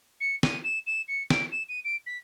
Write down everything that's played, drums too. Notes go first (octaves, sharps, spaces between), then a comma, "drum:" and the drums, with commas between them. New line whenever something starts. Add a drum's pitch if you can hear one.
C#7
D#7, drum: snare
E7
E7
C#7
D7, drum: snare
E7
D#7
D7
B6